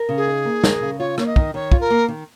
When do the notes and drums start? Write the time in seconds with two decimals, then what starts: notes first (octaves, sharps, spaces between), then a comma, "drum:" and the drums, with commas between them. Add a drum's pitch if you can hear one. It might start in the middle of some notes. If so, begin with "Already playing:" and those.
Already playing: A#4
0.09 C#3
0.17 G#4
0.27 D#4
0.45 A#3
0.64 A#4, drum: snare
0.81 C#3
0.99 F4 C#5
1.18 A#3 C#5, drum: rim click
1.26 D#5
1.36 D#3, drum: kick
1.54 D#3 C#5
1.72 F4, drum: kick
1.81 A#4
1.90 A#3
2.08 D#3